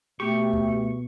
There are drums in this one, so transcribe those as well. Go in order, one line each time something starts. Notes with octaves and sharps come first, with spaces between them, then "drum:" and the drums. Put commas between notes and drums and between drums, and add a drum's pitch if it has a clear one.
B2 A3 G4 C#6
drum: kick C#2